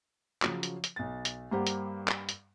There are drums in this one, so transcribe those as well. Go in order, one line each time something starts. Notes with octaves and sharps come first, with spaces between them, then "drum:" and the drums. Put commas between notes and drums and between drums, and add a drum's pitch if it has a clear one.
C#3 F3 F#3, drum: clap
drum: hi-hat
drum: hi-hat
B1 A6
drum: hi-hat
G2 A#3 G4 C5 F#5
drum: hi-hat
drum: clap
drum: hi-hat